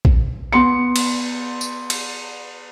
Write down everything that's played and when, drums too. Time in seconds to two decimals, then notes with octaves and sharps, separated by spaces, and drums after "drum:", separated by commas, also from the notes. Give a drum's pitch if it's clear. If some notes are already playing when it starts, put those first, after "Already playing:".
0.05 drum: kick A#1
0.53 B3 C6 C#7
0.96 drum: cymbal
1.61 drum: tambourine
1.90 drum: cymbal